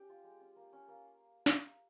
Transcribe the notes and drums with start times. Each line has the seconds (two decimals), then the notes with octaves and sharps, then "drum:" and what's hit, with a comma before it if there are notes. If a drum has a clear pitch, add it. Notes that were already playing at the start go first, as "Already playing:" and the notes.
Already playing: C#4 G4
0.09 F4
0.24 G#3
0.40 C#4
0.56 A#3
0.73 C#4
0.88 A#3
1.46 drum: snare